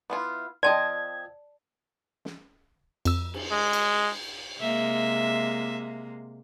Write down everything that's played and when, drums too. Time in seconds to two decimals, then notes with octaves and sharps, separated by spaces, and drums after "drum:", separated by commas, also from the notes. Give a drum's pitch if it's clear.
0.10 B3 E4 F4
0.63 F3 C4 D5 D#5 A5 G#6
2.25 drum: snare
3.05 F2 E6, drum: cymbal
3.34 drum: cymbal
3.52 G#3
3.73 drum: cymbal
4.60 C3 G#3 A#3 E5